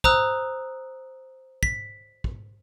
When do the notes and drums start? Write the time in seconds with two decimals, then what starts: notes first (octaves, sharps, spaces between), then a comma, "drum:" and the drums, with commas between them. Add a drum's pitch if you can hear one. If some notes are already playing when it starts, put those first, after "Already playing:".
0.04 C5 A#5 D#6 E6 F#6, drum: kick
1.63 B6, drum: kick
2.24 drum: kick